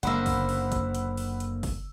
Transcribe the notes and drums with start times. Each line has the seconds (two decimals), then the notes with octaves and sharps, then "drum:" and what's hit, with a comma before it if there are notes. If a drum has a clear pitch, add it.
0.03 F#1 D3 A#3 C5 F#5 B5 E6, drum: hi-hat
0.26 drum: kick, open hi-hat
0.49 drum: open hi-hat
0.72 drum: kick, hi-hat
0.95 drum: hi-hat
1.17 drum: open hi-hat
1.40 drum: hi-hat
1.63 drum: kick, open hi-hat